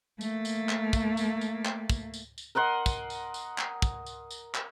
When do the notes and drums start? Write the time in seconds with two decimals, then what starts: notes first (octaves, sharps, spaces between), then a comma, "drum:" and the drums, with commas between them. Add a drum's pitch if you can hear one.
0.21 A3 A#3, drum: tambourine
0.45 drum: tambourine
0.69 drum: clap
0.93 drum: kick, tambourine
1.17 drum: tambourine
1.41 drum: tambourine
1.65 drum: clap
1.90 drum: kick, tambourine
2.14 drum: tambourine
2.38 drum: tambourine
2.55 A#4 D#5 F#5 C6
2.86 drum: kick, tambourine
3.10 drum: tambourine
3.34 drum: tambourine
3.58 drum: clap
3.82 drum: kick, tambourine
4.06 drum: tambourine
4.31 drum: tambourine
4.55 drum: clap